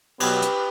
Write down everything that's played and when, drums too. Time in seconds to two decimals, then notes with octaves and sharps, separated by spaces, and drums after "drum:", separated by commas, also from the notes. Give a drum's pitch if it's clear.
0.20 B2 F#3 B3 G4 B4, drum: cymbal
0.42 drum: hi-hat